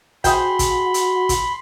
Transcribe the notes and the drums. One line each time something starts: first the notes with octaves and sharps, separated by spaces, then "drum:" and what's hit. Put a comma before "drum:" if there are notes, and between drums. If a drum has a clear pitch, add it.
F#4 G#4 C5 G5 B5 C6, drum: kick, hi-hat
drum: kick, hi-hat
drum: hi-hat
drum: kick, hi-hat